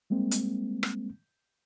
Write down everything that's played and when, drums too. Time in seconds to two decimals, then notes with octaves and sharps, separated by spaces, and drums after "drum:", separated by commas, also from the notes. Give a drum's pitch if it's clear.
0.10 G3 G#3 A#3 C4
0.31 drum: hi-hat
0.83 drum: rim click